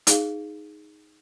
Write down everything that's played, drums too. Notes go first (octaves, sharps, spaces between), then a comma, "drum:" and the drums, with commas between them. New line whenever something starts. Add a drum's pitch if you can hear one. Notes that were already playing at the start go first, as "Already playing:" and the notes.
D#4 G#4 F5, drum: hi-hat